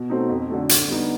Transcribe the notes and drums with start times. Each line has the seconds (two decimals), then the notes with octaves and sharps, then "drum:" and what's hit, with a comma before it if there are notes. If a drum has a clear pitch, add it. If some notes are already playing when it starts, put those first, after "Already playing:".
Already playing: B2
0.10 F#3 A3 C4 D#4
0.29 F2
0.49 D3 F#3 A3
0.69 D3, drum: hi-hat
0.88 G3 B3 D#4